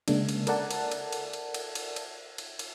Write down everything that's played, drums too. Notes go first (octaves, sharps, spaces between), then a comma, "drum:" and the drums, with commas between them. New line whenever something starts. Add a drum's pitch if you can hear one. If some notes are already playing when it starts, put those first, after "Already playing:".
C#3 G#3 A#3 D4, drum: cymbal
drum: cymbal
A4 A#4 D5 F#5 A5, drum: cymbal
drum: cymbal
drum: cymbal
drum: cymbal
drum: cymbal
drum: cymbal
drum: cymbal
drum: cymbal
drum: cymbal
drum: cymbal